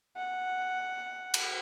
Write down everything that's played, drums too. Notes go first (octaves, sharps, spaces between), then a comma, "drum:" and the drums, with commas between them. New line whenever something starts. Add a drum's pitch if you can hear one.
F#5
drum: cymbal